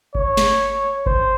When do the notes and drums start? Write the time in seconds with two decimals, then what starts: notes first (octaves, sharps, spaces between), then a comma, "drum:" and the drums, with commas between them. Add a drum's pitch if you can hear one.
0.15 C#5, drum: kick G1
0.37 drum: snare
1.06 C5, drum: kick G1